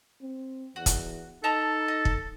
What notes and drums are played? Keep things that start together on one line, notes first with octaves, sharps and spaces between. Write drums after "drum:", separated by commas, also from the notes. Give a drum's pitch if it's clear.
C4
E2 F#4
drum: kick, hi-hat
D#4 A4 D#5 A5 A#5
D#5
drum: kick